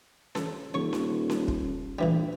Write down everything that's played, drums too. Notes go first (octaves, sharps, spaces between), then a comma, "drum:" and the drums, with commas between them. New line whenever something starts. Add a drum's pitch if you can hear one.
A4, drum: snare C#4
D#1 C#5 C#6
drum: snare C#4
drum: snare C#4
drum: kick
D2 A#2 E3 G3